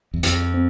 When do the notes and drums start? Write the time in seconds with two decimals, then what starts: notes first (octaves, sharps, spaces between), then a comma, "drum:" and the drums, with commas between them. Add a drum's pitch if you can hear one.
0.14 E2
0.23 F2 F3, drum: hi-hat
0.54 C4